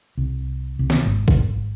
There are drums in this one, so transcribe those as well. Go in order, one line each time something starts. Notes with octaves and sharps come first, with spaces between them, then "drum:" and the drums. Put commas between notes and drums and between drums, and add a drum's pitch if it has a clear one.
C2
C2
drum: snare
G#1
drum: kick